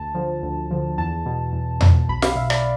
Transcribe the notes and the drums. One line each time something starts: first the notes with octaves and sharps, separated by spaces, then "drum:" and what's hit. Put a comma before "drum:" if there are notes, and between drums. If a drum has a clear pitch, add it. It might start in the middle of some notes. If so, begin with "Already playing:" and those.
Already playing: D2 A5
D3 F3
D2
D3 F3
E2 A5
B2
E2
B2, drum: tom E2
B1 B5
F5, drum: snare
B2 E5
D5, drum: rim click